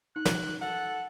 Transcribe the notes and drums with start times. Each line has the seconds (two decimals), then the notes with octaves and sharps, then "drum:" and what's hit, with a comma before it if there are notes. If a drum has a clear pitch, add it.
0.16 D#4 F#6
0.25 drum: snare
0.61 A4 F#5